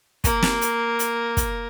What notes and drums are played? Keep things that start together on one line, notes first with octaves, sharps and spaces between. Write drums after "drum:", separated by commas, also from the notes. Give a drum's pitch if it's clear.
A#3, drum: kick, hi-hat
drum: snare
drum: hi-hat
drum: hi-hat
drum: kick, hi-hat